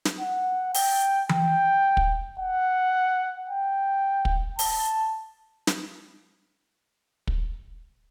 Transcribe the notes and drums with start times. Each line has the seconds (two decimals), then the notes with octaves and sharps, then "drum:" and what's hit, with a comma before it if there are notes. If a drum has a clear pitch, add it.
0.05 drum: snare
0.20 F#5
0.74 G5, drum: open hi-hat
1.29 G5, drum: tom E3
1.97 drum: kick
2.40 F#5
3.49 G5
4.25 drum: kick
4.59 A5, drum: open hi-hat
5.67 drum: snare
7.27 drum: kick